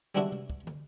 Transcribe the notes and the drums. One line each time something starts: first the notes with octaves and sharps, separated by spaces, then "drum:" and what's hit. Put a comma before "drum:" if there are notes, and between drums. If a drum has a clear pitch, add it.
G3 G#3 B3 D4 E4 F#4
drum: tom C3
drum: kick
drum: tom